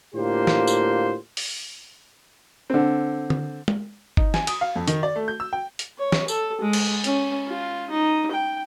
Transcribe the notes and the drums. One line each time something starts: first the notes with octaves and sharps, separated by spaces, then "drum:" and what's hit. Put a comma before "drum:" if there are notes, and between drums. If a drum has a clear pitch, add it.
A2 D3 A#3 F4 G4 C5
drum: snare
drum: tambourine
drum: open hi-hat
D3 C4
drum: tom D3
drum: tom
D#4, drum: kick G1
G#5, drum: snare
D#6, drum: cymbal
F5
F2
D#3, drum: hi-hat
D5
A3
G6
E6
G5
drum: hi-hat
C#5
drum: snare
A4, drum: tambourine
G#3
drum: cymbal
C#4, drum: hi-hat
F4
D#4
G5